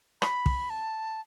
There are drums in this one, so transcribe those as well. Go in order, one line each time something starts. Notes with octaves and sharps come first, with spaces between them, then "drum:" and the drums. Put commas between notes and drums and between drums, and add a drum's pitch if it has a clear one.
B5, drum: rim click
drum: kick
A5